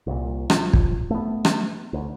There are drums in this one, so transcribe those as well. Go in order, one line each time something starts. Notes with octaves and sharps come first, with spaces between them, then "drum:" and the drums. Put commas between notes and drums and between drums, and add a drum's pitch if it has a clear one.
C2 A#2
F3, drum: rim click
drum: kick
A3 B3
drum: rim click
D2